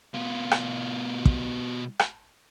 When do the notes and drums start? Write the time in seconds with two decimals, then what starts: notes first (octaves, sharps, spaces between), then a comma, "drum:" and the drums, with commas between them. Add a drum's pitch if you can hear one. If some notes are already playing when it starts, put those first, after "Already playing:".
0.14 B2 F4
0.51 drum: rim click
1.25 drum: kick
1.99 drum: rim click